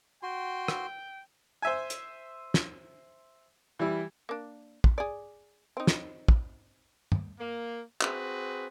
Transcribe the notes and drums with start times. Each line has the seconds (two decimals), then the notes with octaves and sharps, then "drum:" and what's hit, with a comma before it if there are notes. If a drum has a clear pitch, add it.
0.23 F#4 G5 C6
0.68 drum: rim click
1.62 C5 E5 G#5
1.90 drum: hi-hat
2.54 drum: snare
3.79 E3 G3 E4
4.29 A#3 D4
4.84 drum: kick
4.98 G#4 D5
5.77 C4 D#4
5.87 drum: snare
6.28 drum: kick
7.12 drum: tom
7.39 A#3
8.01 C4 F#4 G#4 B4, drum: clap